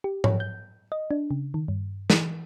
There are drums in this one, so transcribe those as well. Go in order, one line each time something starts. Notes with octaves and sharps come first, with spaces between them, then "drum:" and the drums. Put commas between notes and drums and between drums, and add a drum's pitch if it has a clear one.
G4
C#5, drum: tom G#2
G6
D#5
D4
C#3
D#3
G2
E3, drum: snare